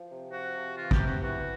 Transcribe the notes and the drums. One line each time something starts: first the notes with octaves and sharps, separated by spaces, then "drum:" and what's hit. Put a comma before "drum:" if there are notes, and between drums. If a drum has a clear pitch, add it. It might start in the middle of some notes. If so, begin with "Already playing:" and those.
Already playing: F3
C3
F3 F#4
C3
E3 F4
G4, drum: kick
C3
F#4
E3 F#4